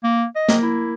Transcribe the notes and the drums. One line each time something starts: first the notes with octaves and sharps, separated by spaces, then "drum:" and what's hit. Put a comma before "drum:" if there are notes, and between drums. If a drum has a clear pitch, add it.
A#3
D#5
A#3, drum: snare
E4